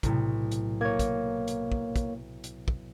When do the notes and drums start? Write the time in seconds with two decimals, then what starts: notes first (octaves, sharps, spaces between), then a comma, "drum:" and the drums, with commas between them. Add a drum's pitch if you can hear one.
0.03 B1 A2 C3, drum: kick, hi-hat
0.51 drum: hi-hat
0.81 A#3 C#5 G#6
0.99 drum: kick, hi-hat
1.48 drum: hi-hat
1.72 drum: kick
1.96 drum: kick, hi-hat
2.44 drum: hi-hat
2.68 drum: kick